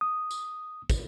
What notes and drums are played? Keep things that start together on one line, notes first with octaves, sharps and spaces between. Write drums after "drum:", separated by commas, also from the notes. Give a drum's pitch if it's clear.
D#6
drum: tambourine
drum: kick, tambourine